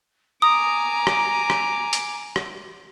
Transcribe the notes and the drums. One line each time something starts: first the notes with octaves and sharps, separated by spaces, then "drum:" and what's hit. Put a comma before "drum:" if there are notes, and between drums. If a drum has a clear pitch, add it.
G#5 A#5 D6 D#6
drum: rim click
drum: rim click
drum: hi-hat
drum: rim click